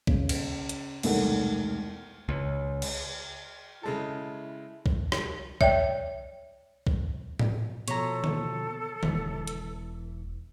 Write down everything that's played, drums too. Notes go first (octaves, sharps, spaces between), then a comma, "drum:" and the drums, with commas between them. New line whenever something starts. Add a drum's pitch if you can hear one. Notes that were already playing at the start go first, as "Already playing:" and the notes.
C#3, drum: kick
drum: cymbal
drum: hi-hat
E1 C2 D#3 A3 A#4 F#5, drum: cymbal
C#2
drum: cymbal
C#3 G#3 E4 A4
drum: kick
drum: rim click
C#5 D5 E5 G5, drum: kick
drum: kick
drum: tom A2
B2 F3 A4 C#5 A#5, drum: hi-hat
drum: tom D3
E1 E3, drum: tom D3
drum: hi-hat